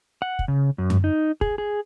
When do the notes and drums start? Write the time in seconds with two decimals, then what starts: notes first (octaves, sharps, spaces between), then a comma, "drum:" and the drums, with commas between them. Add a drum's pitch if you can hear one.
0.22 F#5
0.39 drum: kick
0.48 C#3
0.78 F#2
0.90 drum: tom F#2
1.04 D#4
1.41 G#4, drum: kick
1.58 G#4